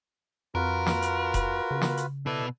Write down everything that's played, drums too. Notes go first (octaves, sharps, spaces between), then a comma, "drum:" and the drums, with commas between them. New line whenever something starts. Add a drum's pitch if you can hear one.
F2 F4 F#4 A#4 B4
drum: snare
drum: hi-hat
drum: kick E1, hi-hat
C#3
drum: snare
drum: hi-hat
B2 E4 A4 B4 D5